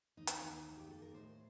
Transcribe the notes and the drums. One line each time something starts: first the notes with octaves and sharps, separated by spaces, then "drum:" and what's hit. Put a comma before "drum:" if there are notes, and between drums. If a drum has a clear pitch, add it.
D#2 D#4
drum: hi-hat
D#2
A#3
G4
D#2 A4
A#4
A2 C5